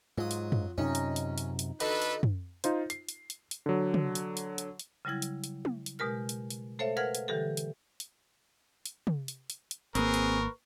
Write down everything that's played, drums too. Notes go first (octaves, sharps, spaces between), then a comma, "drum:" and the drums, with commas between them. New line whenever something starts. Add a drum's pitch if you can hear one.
G#2 F#3 F4 D#6
drum: hi-hat
drum: tom
F#2 C3 C#4 D#4 D#5
drum: hi-hat
drum: hi-hat
drum: hi-hat
drum: hi-hat
D3 D4 D#4 F#4 A4 B4, drum: hi-hat
drum: hi-hat
drum: tom
D#4 F4 C5, drum: hi-hat
C7, drum: hi-hat
drum: hi-hat
drum: hi-hat
drum: hi-hat
D3 F#3
drum: tom
drum: hi-hat
drum: hi-hat
drum: hi-hat
drum: hi-hat
C#3 F#3 G3 E4 G#6
drum: hi-hat
drum: hi-hat
drum: tom
drum: hi-hat
B2 G#3 G4 A#4 F6
drum: hi-hat
drum: hi-hat
A3 A4 C5 C#5 E5 F5
A#4 B4 F5 F#5 F6 G#6
drum: hi-hat
D3 E3 G3 G4 A4
drum: hi-hat
drum: hi-hat
drum: hi-hat
drum: tom
drum: hi-hat
drum: hi-hat
drum: hi-hat
G#1 A#3 C4 G#4 A#4 B4 C#6, drum: hi-hat
drum: hi-hat